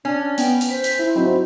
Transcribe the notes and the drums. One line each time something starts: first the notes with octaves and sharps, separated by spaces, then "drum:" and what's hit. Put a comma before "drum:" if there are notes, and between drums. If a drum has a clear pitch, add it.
C#4 D4
B3 G5, drum: hi-hat
drum: hi-hat
C5 B6
drum: hi-hat
E4
F#3 C4 D#4